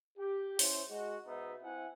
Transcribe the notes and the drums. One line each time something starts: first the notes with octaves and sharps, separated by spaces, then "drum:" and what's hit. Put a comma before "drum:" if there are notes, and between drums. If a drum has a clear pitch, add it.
G4
C#4 E4 C5, drum: open hi-hat
G#3 F#4
G#2 B2 B3 D#4 E5
C4 E4 E5 F#5 G#5